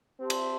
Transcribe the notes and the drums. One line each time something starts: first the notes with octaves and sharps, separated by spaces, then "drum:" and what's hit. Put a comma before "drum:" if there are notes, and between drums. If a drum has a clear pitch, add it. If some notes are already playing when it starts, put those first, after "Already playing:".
C4 G4 E5 A5 C6
drum: cymbal